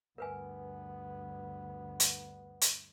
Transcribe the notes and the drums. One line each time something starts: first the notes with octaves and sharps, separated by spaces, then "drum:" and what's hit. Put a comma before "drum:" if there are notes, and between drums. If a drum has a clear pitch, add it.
D2 G2 B3 A#4 B4 G#5
drum: hi-hat
drum: hi-hat